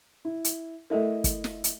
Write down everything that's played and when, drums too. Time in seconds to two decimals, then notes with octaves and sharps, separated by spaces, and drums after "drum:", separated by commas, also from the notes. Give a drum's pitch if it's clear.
0.25 E4
0.44 drum: hi-hat
0.90 A3 E4 A4 A#4 D#5 E5
1.24 drum: kick, hi-hat
1.44 drum: snare
1.64 drum: hi-hat